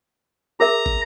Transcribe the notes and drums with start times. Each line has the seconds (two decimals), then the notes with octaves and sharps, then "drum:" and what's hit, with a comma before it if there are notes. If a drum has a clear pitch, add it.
0.60 G#4 A#4 E5 A#5
0.86 drum: kick